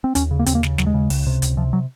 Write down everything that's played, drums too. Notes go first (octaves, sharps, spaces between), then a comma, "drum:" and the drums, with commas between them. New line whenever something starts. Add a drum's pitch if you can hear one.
C4
D#2 C#4, drum: hi-hat
C#3
A#3
D#2 C4, drum: hi-hat
A#3
C#3, drum: snare
D#2 F#3, drum: snare
G#3
C#3
C#2, drum: open hi-hat
C3
C#2, drum: hi-hat
C3 F3
F#3